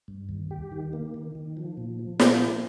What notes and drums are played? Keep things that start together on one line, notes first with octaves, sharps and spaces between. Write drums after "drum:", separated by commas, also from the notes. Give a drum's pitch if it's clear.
G2
D#2
G4
D#3
A#3
D#3
D#3
F3
A#2
F3
A#2, drum: snare
A#3